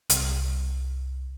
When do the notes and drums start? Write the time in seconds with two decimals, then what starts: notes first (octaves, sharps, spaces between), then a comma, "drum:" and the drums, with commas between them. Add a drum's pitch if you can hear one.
0.10 C2, drum: hi-hat